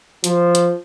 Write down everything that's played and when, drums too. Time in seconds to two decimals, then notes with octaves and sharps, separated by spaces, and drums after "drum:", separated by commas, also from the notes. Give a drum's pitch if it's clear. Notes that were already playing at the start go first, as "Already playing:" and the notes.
0.24 F3, drum: hi-hat
0.55 drum: hi-hat